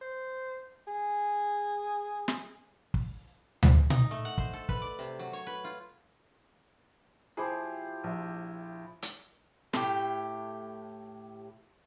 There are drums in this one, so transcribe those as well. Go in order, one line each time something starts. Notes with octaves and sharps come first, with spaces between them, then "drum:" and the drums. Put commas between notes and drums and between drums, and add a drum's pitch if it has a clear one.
C5
G#4
drum: snare
drum: kick
drum: tom D2
D#4, drum: tom A#2
A3
F#5
C5, drum: kick
A4
B4, drum: kick
D5
C3
F#3
C#5
B4
F4
F3 E4 G4 G#4 C5
A#1
drum: hi-hat
A2 G4, drum: snare